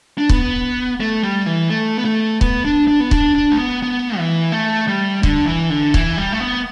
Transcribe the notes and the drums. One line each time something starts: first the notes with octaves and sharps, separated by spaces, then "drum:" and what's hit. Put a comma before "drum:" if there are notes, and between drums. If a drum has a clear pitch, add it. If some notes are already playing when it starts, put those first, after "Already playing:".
D4
B3, drum: kick C#1
A3
G3
E3
A3
B3
A3
B3, drum: kick C#1
D4
D4
B3
D4, drum: kick C#1
D4
A3
B3
B3
E3
A3
G3
D3, drum: kick C#1
E3
D3
E3, drum: kick C#1
G3
A3
B3